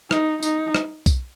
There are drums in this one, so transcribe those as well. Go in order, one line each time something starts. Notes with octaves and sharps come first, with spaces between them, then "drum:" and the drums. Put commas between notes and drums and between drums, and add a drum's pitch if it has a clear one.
D#4, drum: rim click
D#4, drum: tambourine
drum: rim click
drum: kick B1, tambourine